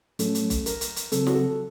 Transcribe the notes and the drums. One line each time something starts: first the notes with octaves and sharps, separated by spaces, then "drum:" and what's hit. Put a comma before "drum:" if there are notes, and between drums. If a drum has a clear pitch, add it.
A2 F#3 A3 C#4 A4, drum: hi-hat
drum: hi-hat
drum: kick, hi-hat
A#4, drum: hi-hat
drum: hi-hat
drum: hi-hat
C#3 F#3 C4 A4, drum: hi-hat
F#4, drum: snare
A4